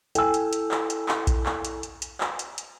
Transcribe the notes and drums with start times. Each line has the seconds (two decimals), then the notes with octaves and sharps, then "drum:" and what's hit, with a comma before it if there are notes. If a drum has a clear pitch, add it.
0.15 E4 A4 G5 G#5 E6, drum: hi-hat
0.34 drum: hi-hat
0.53 drum: hi-hat
0.71 drum: clap
0.90 drum: hi-hat
1.09 drum: clap
1.27 drum: kick A#1, hi-hat
1.46 drum: clap
1.65 drum: hi-hat
1.83 drum: hi-hat
2.02 drum: hi-hat
2.21 drum: clap
2.39 drum: hi-hat
2.58 drum: hi-hat